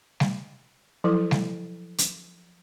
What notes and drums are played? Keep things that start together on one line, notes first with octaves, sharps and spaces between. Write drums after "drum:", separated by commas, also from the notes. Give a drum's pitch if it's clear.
drum: snare G3
F3 F#3 E4 A4 D6
drum: snare G3
drum: hi-hat